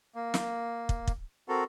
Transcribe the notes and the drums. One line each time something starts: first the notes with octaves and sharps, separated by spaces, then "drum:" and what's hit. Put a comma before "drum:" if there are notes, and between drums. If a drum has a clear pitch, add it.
A#3
drum: snare
drum: kick
drum: kick
C4 F#4 A4 A#4